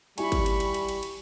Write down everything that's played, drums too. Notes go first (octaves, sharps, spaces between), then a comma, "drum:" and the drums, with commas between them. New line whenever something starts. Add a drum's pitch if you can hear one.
G3 E4 G4 G#5 B5 C#6, drum: cymbal
drum: kick G#1, cymbal
drum: cymbal
drum: cymbal
drum: cymbal
drum: cymbal
drum: cymbal